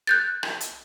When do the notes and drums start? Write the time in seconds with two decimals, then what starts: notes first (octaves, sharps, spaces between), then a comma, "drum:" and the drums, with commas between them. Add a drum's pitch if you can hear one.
0.07 F#6 G6 A6
0.43 drum: rim click
0.61 drum: hi-hat